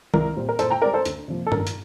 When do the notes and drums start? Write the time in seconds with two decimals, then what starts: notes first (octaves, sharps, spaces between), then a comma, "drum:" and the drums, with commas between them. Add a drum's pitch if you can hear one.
0.14 C2 A#4, drum: tom D#3
0.36 A#2 G3 C4
0.49 A#4
0.59 A#2 A4 C5, drum: hi-hat
0.70 G5 A#5
0.82 G3 C4 A#4 D5
0.94 A4 C5
1.05 D2, drum: hi-hat
1.28 C3 F3 A#3
1.47 A4
1.52 G2 A#4, drum: tom G2
1.67 drum: hi-hat